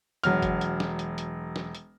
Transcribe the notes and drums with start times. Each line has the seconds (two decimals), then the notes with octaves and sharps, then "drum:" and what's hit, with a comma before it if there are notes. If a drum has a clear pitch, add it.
0.24 E1 F#3 F6, drum: hi-hat
0.42 drum: kick F#1, hi-hat
0.61 drum: hi-hat
0.80 drum: snare
0.99 drum: hi-hat
1.18 drum: hi-hat
1.56 drum: snare
1.75 drum: hi-hat